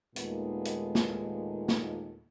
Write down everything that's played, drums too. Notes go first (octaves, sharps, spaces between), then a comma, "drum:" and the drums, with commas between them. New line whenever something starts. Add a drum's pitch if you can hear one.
D#2 A#2 D#3 G#3 A3 B3, drum: hi-hat
drum: hi-hat
drum: snare
drum: snare